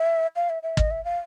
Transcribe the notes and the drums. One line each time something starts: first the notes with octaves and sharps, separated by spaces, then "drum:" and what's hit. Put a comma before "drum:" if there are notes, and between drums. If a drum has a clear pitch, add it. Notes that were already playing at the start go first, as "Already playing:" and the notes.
Already playing: E5
F5
E5
E5
D#5, drum: kick
E5
F5